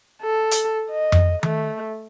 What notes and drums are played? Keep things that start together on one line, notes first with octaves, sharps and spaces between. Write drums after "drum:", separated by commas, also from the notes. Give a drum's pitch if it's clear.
A4
drum: hi-hat
D#5
drum: tom F2
A3, drum: tom D#3